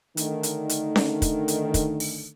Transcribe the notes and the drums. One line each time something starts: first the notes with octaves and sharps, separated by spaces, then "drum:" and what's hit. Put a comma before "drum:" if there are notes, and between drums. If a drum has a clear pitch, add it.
D3 D#3 A3, drum: hi-hat
drum: hi-hat
drum: hi-hat
drum: snare C#4
drum: kick, hi-hat
drum: hi-hat
drum: kick, hi-hat
drum: open hi-hat